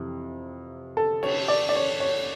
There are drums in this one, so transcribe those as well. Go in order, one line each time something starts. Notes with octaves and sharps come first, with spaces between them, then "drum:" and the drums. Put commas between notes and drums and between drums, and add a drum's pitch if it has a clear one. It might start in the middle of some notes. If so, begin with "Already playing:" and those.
Already playing: F2 C3 E3
A4
C#5, drum: cymbal
D5
D5
C#5
C#5